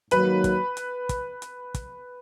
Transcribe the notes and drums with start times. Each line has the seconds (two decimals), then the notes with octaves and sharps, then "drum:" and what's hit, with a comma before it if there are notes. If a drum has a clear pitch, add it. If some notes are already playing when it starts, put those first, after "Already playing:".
0.11 G#2 D#3 F#3 A#3 B4, drum: hi-hat
0.44 drum: kick, hi-hat
0.77 drum: hi-hat
1.09 drum: kick, hi-hat
1.42 drum: hi-hat
1.74 drum: kick, hi-hat